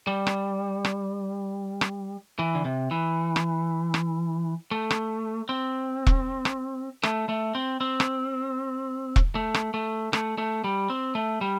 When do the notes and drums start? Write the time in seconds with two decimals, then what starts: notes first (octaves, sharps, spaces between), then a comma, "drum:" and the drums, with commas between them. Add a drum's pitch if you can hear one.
0.07 G3
0.27 drum: rim click
0.85 drum: rim click
1.81 drum: rim click
2.39 E3
2.55 D3
2.65 C3
2.91 E3
3.36 drum: rim click
3.94 drum: rim click
4.71 A3
4.91 drum: rim click
5.49 C4
6.06 drum: kick E1
6.45 drum: rim click
7.03 A3, drum: rim click
7.29 A3
7.55 C4
7.81 C4
8.00 drum: rim click
9.16 drum: kick E1
9.35 A3
9.54 drum: rim click
9.74 A3
10.13 A3, drum: rim click
10.38 A3
10.64 G3
10.90 C4
11.15 A3
11.41 G3